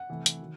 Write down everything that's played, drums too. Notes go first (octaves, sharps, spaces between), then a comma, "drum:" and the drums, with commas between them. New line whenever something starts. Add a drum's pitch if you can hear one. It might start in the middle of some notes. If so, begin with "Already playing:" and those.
Already playing: F#5
C3 E3 A3
drum: hi-hat
D#3 F#3